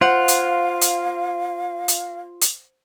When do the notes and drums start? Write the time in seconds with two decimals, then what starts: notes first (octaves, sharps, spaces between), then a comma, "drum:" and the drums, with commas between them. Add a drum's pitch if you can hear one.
0.01 F4 C5 F5 F#5
0.28 drum: hi-hat
0.81 drum: hi-hat
1.88 drum: hi-hat
2.41 drum: hi-hat